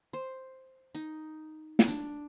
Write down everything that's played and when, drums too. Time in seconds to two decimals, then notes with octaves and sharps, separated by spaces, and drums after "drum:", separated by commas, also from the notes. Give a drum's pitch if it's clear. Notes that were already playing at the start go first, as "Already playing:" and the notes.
0.13 C5
0.95 D#4
1.79 drum: snare
1.88 D4